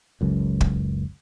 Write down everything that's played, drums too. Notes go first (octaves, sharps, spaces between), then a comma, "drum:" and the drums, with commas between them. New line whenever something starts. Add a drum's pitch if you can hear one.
F#1 C#2 F#2
drum: kick